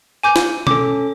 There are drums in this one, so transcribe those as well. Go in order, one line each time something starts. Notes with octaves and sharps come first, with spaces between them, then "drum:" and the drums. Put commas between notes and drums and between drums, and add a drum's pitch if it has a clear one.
G#5 D6 G6
drum: snare
C#4 A4 D6, drum: tom B2